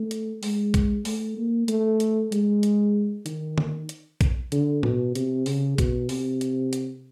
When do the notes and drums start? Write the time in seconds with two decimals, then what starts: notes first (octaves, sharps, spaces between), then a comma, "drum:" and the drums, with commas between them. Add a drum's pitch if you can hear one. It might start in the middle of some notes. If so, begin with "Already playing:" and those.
Already playing: A3
0.11 drum: hi-hat
0.43 G#3, drum: open hi-hat
0.74 drum: kick A#1, hi-hat
1.05 A3, drum: open hi-hat
1.37 A#3
1.68 A3, drum: hi-hat
2.00 drum: hi-hat
2.32 G#3, drum: hi-hat
2.63 drum: hi-hat
3.26 D#3, drum: hi-hat
3.58 drum: tom
3.89 drum: hi-hat
4.21 drum: kick A#1, hi-hat
4.52 D3, drum: hi-hat
4.83 B2, drum: tom
5.15 C3, drum: hi-hat
5.46 C#3, drum: open hi-hat
5.78 B2, drum: kick A#1, hi-hat
6.09 C3, drum: open hi-hat
6.41 drum: hi-hat
6.73 drum: hi-hat